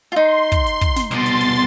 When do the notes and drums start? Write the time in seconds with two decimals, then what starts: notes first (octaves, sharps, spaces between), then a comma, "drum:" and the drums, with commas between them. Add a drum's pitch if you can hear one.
0.12 D#4 F4 C6
0.52 drum: kick, hi-hat
0.67 drum: hi-hat
0.81 drum: kick, hi-hat
0.96 drum: snare
1.11 C2 B2 C6 A6, drum: hi-hat
1.26 drum: hi-hat
1.41 drum: hi-hat